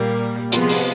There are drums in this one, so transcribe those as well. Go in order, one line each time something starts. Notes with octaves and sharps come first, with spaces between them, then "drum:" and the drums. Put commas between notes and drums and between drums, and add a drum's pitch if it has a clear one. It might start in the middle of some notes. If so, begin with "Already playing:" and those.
Already playing: A#2 G3 A#3
C3 F3 G#3 B3 F4, drum: hi-hat
drum: open hi-hat